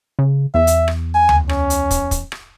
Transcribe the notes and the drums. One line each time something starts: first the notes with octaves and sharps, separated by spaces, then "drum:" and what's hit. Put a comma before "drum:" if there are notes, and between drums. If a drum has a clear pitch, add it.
C#3
E2 E5
drum: hi-hat
drum: rim click
G#5
drum: tom D2
C#4, drum: rim click
drum: hi-hat
drum: kick, hi-hat
drum: kick, hi-hat
drum: rim click